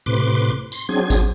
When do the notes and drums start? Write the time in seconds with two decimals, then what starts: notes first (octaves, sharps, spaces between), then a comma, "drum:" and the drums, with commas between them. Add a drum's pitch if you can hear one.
0.06 A2 C3 B4 C6 D6
0.72 C6, drum: tambourine
0.89 F#3 C4 D4 G#4 G#6
1.10 drum: kick G#1, tambourine